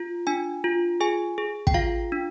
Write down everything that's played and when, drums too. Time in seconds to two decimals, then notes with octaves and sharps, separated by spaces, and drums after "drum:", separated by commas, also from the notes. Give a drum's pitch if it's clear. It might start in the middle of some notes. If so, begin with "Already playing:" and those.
Already playing: F4
0.27 D4 G#5
0.64 F4
1.01 G#4 G#5
1.38 G#4
1.67 G5, drum: kick
1.74 F4 F5
2.12 D4